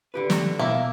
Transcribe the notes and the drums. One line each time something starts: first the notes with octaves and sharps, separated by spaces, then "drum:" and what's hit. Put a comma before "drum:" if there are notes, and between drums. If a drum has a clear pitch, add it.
D3 G4 B4
drum: snare
B2 A#3 E4